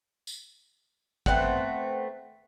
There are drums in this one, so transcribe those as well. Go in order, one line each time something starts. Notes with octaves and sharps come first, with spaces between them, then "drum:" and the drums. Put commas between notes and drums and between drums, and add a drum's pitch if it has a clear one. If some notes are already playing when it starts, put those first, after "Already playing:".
drum: tambourine
A3 B3 C4 F#5, drum: kick